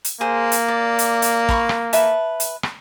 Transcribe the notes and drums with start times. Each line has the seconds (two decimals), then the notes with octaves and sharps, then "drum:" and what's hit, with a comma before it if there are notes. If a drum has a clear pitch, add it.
0.05 drum: hi-hat
0.21 A#3 G#4 C5
0.52 drum: hi-hat
0.68 D5
0.99 drum: hi-hat
1.22 drum: hi-hat
1.49 A#5 B5 C#6, drum: kick
1.69 drum: rim click
1.93 B4 E5 A5, drum: hi-hat
2.40 drum: hi-hat
2.63 drum: rim click